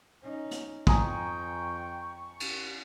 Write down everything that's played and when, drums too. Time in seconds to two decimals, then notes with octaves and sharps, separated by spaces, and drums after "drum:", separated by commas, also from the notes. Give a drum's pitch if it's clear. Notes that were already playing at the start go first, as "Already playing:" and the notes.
0.23 C#4 D#4
0.51 drum: hi-hat
0.87 F2 G5 G#5 A#5 C#6 D#6, drum: kick
2.40 drum: cymbal